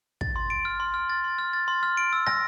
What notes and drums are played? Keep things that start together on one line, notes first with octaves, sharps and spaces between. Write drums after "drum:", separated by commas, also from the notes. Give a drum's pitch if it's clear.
A6, drum: kick
C6
D7
F6
C6
F6
A6
C6
F6
A6
C6
F6
D7
E6
A#6, drum: rim click